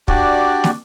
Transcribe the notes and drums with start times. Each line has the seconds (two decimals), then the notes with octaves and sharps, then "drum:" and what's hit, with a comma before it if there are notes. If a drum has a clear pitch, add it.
0.08 D4 F#4 G4 D5, drum: kick
0.64 drum: snare